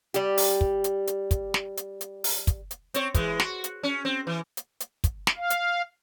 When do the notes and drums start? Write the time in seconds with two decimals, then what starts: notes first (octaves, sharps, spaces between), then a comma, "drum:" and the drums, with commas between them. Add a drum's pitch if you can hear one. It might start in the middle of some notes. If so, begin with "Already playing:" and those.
0.14 G3 G4, drum: hi-hat
0.37 drum: open hi-hat
0.61 drum: kick
0.84 drum: hi-hat
1.07 drum: hi-hat
1.31 drum: kick, hi-hat
1.54 drum: snare
1.77 drum: hi-hat
2.01 drum: hi-hat
2.24 drum: open hi-hat
2.47 drum: kick, hi-hat
2.71 drum: hi-hat
2.94 C4 C#5, drum: hi-hat
3.14 E3 G#3, drum: kick, hi-hat
3.40 F#4, drum: snare
3.64 drum: hi-hat
3.83 C#4
4.05 C4
4.27 E3
4.57 drum: hi-hat
4.80 drum: hi-hat
5.04 drum: kick, hi-hat
5.27 drum: snare
5.37 F5
5.50 drum: hi-hat